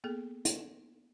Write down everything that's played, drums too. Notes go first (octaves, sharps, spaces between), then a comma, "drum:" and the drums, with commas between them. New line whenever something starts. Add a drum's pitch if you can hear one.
A#3 B3 G#4 A4
drum: hi-hat